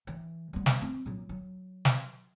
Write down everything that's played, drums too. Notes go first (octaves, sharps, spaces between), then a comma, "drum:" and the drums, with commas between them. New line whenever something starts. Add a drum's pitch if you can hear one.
E3
G3 B3
drum: snare
C4
A#2 F#3
F#3
drum: snare